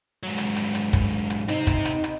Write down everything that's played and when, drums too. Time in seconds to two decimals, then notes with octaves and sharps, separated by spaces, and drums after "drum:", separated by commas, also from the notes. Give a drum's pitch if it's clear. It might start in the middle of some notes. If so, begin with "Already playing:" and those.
0.23 G#2 F#3
0.38 drum: hi-hat
0.56 drum: hi-hat
0.75 drum: hi-hat
0.93 drum: kick, hi-hat
1.30 drum: hi-hat
1.48 C3 C4 D#4, drum: hi-hat
1.67 drum: kick, hi-hat
1.85 drum: hi-hat
2.04 drum: hi-hat